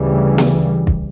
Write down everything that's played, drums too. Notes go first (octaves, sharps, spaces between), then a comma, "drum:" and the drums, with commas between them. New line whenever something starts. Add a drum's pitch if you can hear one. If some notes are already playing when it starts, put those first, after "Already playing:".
Already playing: D2 C#3 E3 G3
drum: snare
drum: kick